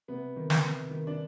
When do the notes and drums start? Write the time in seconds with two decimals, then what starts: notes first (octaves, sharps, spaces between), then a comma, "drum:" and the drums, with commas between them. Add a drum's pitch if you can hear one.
0.08 C3 B3
0.36 D#3
0.50 drum: snare
0.63 C3
0.90 D#3
1.07 D4